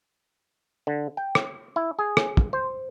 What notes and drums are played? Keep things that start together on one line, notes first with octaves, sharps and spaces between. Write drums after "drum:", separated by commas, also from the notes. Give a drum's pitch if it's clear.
D3
G5
drum: rim click
E4
G#4
drum: rim click
drum: kick
C5